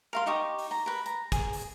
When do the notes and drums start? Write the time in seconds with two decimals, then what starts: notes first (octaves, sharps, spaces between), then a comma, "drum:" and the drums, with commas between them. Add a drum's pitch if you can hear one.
0.13 A#4 F5 C6
0.26 D#4 G4 C#6 D#6
0.59 drum: open hi-hat
0.71 A#5
0.86 A#4 B4
1.06 A#5, drum: hi-hat
1.32 G#4, drum: kick, hi-hat
1.53 drum: open hi-hat